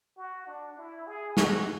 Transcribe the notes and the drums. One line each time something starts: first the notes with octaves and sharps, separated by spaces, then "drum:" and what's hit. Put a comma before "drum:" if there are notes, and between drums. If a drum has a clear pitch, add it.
F#4
D4
E4
G#4
F#4, drum: snare